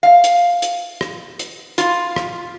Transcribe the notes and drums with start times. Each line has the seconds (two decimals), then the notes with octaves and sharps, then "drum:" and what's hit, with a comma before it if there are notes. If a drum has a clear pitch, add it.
0.03 F5
0.24 drum: hi-hat
0.62 drum: hi-hat
1.01 drum: rim click
1.39 drum: hi-hat
1.78 F4, drum: hi-hat
2.16 drum: rim click